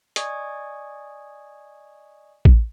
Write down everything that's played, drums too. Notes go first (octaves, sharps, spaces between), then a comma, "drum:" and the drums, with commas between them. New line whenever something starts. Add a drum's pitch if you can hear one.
D5 D#5 G#5 C#6 D#6 G#6, drum: hi-hat
drum: kick A1